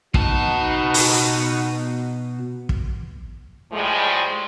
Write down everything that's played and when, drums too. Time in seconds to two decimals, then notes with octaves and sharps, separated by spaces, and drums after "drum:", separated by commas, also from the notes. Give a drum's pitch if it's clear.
0.14 B2 B3 D#4 F#4 A5, drum: kick
0.94 drum: open hi-hat
2.69 drum: kick
3.71 A2 F3 G3 G#3